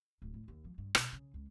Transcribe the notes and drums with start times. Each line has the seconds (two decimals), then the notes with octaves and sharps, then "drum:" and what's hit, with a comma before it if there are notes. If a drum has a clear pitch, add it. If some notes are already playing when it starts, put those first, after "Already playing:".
0.22 D1
0.34 A2
0.48 D#2
0.65 F3
0.78 G2
0.95 B2, drum: rim click
1.13 C#3
1.34 C#2